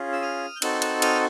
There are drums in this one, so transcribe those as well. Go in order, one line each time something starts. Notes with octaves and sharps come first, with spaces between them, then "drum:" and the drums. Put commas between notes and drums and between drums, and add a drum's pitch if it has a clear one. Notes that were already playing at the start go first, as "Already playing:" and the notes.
Already playing: C#4 F4 G#4
E6
D#6 F6
G6
C4 D#4 F#4 A4 E6 F#6, drum: cymbal
E6 F#6, drum: cymbal
D#6 F6, drum: cymbal